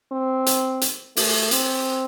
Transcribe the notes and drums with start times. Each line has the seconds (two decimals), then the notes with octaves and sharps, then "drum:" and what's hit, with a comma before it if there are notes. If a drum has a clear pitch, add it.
0.12 C4
0.46 drum: hi-hat
0.81 drum: hi-hat
1.16 A3, drum: open hi-hat
1.51 C4, drum: hi-hat